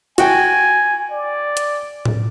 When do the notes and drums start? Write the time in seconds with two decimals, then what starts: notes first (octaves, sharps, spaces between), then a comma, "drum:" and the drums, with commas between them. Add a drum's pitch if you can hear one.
0.18 F#4 G5 G#5, drum: hi-hat
1.12 D5
1.57 drum: hi-hat
2.05 drum: tom A2